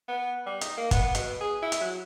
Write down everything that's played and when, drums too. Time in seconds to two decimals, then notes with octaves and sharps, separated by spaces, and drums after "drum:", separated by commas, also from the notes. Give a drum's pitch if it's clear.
0.08 B3
0.46 G3
0.61 D#4, drum: hi-hat
0.77 A#3
0.91 B3, drum: kick, hi-hat
1.15 B2, drum: hi-hat
1.40 G#4
1.62 E4
1.72 drum: hi-hat
1.81 F#3